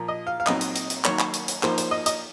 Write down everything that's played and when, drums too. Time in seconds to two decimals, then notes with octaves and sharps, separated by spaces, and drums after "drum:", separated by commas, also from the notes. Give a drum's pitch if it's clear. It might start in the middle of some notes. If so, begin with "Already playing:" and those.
Already playing: A#2 F3 A#3
0.08 D#5
0.27 F5
0.40 F5
0.47 A#2 F#3 C4 D#4 D#5, drum: clap
0.61 drum: hi-hat
0.76 drum: hi-hat
0.90 drum: hi-hat
1.05 D#3 F#3 A#3 C#5, drum: clap
1.19 drum: clap
1.34 drum: hi-hat
1.48 drum: hi-hat
1.63 F3 A#3 D#4 C5, drum: clap
1.78 C5, drum: hi-hat
1.91 D#5
2.06 D#5, drum: hi-hat